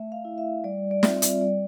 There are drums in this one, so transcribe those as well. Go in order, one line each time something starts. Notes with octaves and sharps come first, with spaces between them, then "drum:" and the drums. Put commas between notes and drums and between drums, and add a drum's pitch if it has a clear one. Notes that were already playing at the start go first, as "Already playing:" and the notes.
Already playing: A3 E5
F5
E4
E5
G3 D5
D5
C4 F4 E5, drum: snare
drum: hi-hat
G3 D5